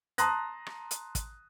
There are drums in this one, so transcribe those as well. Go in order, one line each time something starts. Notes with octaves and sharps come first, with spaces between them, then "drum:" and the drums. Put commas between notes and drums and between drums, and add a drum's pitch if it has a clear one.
A5 A#5 C6 D#6 F#6 A#6, drum: hi-hat
drum: rim click
drum: hi-hat
drum: kick, hi-hat